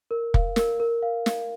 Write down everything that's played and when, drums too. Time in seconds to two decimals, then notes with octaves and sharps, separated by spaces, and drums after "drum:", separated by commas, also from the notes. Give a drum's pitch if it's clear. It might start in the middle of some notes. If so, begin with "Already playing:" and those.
0.11 A#4
0.34 F5, drum: kick
0.56 A#4, drum: snare
0.80 A#4
1.03 F5
1.26 F5, drum: snare